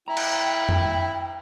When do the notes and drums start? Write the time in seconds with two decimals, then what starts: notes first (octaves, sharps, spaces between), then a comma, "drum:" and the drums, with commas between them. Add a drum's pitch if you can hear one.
0.08 E4 G5 A#5
0.17 drum: cymbal
0.69 drum: tom